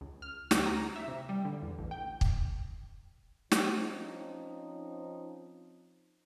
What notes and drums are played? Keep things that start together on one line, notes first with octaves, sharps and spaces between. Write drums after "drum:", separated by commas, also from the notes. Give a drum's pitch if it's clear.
C#2
F6
D2, drum: snare
A#5
E5
C3
G3
D3
E2
A1
G5
drum: kick
F3 C4 C#4 D#4, drum: snare